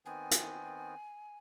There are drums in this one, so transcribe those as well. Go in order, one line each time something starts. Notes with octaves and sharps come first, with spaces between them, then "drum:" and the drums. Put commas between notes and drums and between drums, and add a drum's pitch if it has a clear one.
D#3 B3 C4 G#5
drum: hi-hat